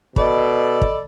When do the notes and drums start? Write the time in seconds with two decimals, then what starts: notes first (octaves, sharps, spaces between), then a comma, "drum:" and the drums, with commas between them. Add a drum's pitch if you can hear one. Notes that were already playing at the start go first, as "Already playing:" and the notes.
0.16 B2 A4 D5 D#5 B5, drum: kick
0.82 drum: kick